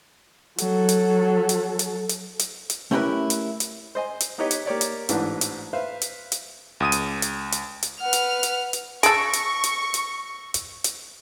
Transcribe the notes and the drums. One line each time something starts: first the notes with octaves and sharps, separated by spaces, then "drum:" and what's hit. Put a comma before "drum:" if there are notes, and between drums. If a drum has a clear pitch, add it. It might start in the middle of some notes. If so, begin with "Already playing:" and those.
F#3 A4, drum: hi-hat
drum: hi-hat
drum: hi-hat
drum: hi-hat
drum: hi-hat
drum: hi-hat
drum: hi-hat
A3 C#4 E4 G4 A#4 B4
drum: hi-hat
drum: hi-hat
C5 D#5 G#5
drum: hi-hat
B3 D#4 G4 B4 C#5 D#5
drum: hi-hat
A#3 G4 C#5 D5
drum: hi-hat
A1 G#2 E3 D4 B4 F#5, drum: hi-hat
drum: hi-hat
B4 C5 E5 F5
drum: hi-hat
drum: hi-hat
C#2 D#6 D#7
drum: hi-hat
drum: hi-hat
drum: hi-hat
drum: hi-hat
B4 F#5 F6
drum: hi-hat
drum: hi-hat
drum: hi-hat
G#4 A4 C#6 E6 A#6 D7, drum: hi-hat
drum: hi-hat
drum: hi-hat
drum: hi-hat
drum: hi-hat
drum: hi-hat